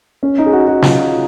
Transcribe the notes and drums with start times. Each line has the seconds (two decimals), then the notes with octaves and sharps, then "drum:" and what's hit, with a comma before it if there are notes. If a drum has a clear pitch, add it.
0.23 C#4
0.38 D#4
0.46 G#4
0.53 F#4
0.67 F#4
0.82 F4, drum: snare